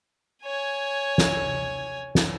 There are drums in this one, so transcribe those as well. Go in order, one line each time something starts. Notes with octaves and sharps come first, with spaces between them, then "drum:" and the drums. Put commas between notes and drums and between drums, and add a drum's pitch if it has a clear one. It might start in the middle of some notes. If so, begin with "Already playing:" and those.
C#5 G#5
drum: snare
drum: snare